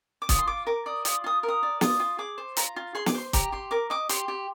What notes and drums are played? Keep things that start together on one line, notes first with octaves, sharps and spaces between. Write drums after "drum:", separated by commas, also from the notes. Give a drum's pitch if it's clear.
D6
F4 D#6, drum: kick, hi-hat
C6
F4 D6
A#4 D6
D5 D#6
F4 D#6, drum: hi-hat
F4 D#6
A#4
D#6
D5
F4 D#6, drum: snare
F4
G#4 D6
C5
F4 A#5, drum: hi-hat
F4
G#4 C6
D6, drum: snare
C5 C6
G4 A#5, drum: kick, hi-hat
G4 C6
A#4 D6
D#5 D6
G4 C6, drum: hi-hat
G4